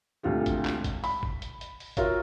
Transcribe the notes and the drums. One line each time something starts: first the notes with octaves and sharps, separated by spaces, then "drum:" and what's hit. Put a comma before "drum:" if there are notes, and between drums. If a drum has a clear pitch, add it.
E1 D2 C4 F4 G4
drum: kick, hi-hat
drum: clap
drum: kick, hi-hat
B5, drum: open hi-hat
drum: kick
drum: hi-hat
drum: hi-hat
drum: open hi-hat
F4 F#4 A#4 C#5 E5 F5, drum: kick, hi-hat